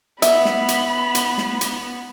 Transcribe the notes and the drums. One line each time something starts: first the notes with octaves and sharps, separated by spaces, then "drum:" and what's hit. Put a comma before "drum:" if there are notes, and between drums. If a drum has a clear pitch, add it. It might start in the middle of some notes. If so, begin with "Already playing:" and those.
B3 E5 B5, drum: hi-hat
drum: snare
drum: hi-hat
drum: hi-hat
drum: snare
drum: hi-hat